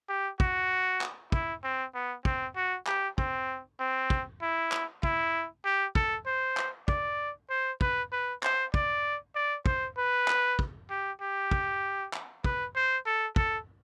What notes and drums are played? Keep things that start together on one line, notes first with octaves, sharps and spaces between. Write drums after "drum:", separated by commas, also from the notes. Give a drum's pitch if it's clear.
G4
F#4, drum: kick
drum: clap
E4, drum: kick
C4
B3
C4, drum: kick
F#4
G4, drum: clap
C4, drum: kick
C4
drum: kick
E4
drum: clap
E4, drum: kick
G4
A4, drum: kick
C5
drum: clap
D5, drum: kick
C5
B4, drum: kick
B4
C5, drum: clap
D5, drum: kick
D5
C5, drum: kick
B4
drum: clap
drum: kick
G4
G4
drum: kick
drum: clap
B4, drum: kick
C5
A4
A4, drum: kick